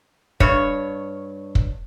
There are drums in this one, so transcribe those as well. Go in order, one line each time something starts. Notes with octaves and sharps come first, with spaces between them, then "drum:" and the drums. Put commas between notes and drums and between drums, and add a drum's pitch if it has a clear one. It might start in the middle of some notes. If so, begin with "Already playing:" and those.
G2 C#5, drum: kick
drum: kick